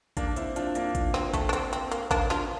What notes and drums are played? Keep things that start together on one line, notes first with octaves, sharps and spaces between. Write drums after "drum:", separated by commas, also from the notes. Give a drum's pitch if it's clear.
A#3 D4, drum: kick A1, hi-hat
C4 E4, drum: hi-hat
D4 F4, drum: hi-hat
A#3 D4, drum: hi-hat
drum: kick A1, hi-hat
C4, drum: snare
A3, drum: kick A1, hi-hat
D4
C4, drum: hi-hat
C4, drum: hi-hat
A#3, drum: hi-hat
A#3 D4, drum: kick A1, hi-hat
D4 F4, drum: snare